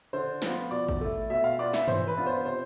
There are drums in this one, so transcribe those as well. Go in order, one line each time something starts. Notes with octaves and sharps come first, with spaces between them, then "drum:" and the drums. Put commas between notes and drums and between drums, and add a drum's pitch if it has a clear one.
D3 C5
F3 B3 F4, drum: snare
B2 D5
drum: kick
A3 E4
B2 E5
F5
B3 F4 D5
E5, drum: snare
E3 C5, drum: tom G2
B4
B3 D4 F4
C5
C3 C5